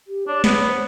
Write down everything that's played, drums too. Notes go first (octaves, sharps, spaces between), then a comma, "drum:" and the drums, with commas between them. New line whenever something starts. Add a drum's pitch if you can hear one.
G4
D4 C#5
B3, drum: snare
C5